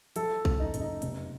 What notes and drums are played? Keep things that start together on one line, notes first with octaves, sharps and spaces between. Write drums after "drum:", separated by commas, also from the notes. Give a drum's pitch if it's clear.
F3 A4, drum: hi-hat
F#1, drum: kick B1
D#4
F#1, drum: hi-hat
D#4
F1, drum: hi-hat